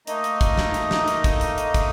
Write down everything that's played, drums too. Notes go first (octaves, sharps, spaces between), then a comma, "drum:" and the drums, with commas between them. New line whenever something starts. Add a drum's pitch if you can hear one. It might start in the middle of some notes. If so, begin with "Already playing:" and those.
A3 A#3 D#4 D#5, drum: hi-hat
drum: hi-hat
drum: kick, hi-hat
drum: snare
drum: hi-hat
drum: snare
drum: hi-hat
drum: kick, hi-hat
drum: hi-hat
drum: hi-hat
drum: kick, hi-hat